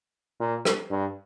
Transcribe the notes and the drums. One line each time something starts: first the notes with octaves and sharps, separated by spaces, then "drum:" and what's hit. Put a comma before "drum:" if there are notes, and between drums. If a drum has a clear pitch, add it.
A#2
drum: rim click
G2